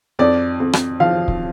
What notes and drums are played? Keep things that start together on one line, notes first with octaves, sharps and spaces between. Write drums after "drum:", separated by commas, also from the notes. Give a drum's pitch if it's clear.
F2 D5
F2
drum: rim click
F3 F5
drum: kick C#1